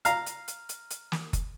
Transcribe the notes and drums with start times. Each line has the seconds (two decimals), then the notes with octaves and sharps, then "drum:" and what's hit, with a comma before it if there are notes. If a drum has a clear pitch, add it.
0.05 F5 A#5, drum: hi-hat
0.26 drum: hi-hat
0.48 drum: hi-hat
0.69 drum: hi-hat
0.90 drum: hi-hat
1.12 drum: snare
1.33 drum: kick F#1, hi-hat